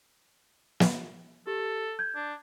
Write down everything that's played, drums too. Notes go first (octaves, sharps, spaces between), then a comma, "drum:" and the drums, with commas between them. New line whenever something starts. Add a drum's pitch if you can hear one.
drum: snare
G4 A4
G6 G#6
D4